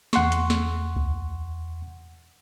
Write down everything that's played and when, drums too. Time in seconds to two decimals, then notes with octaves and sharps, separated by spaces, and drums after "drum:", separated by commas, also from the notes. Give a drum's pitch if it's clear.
0.13 E2 F#5 C6 C#6, drum: snare
0.32 drum: hi-hat
0.50 drum: snare
0.96 drum: kick C#2